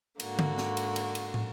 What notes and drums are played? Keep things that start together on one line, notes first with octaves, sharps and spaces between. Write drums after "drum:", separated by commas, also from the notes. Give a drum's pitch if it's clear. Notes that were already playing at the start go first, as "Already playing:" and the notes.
G#2 D3 A#3 F#4, drum: cymbal
drum: tom
drum: snare
drum: cymbal
drum: cymbal
drum: cymbal
drum: tom